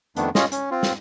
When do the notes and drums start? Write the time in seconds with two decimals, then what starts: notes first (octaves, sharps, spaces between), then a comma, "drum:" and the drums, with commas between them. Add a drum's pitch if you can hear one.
0.16 F2 D#3 A3 B3 D4, drum: hi-hat
0.35 C#4 F4 D#5, drum: snare
0.52 C#4, drum: hi-hat
0.71 C4 F4
0.83 drum: snare